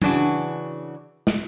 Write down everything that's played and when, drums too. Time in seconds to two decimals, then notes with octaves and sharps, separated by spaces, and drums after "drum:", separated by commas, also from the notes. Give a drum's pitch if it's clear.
0.02 C#3 E3 D4 F#4, drum: tom F#3
1.27 drum: snare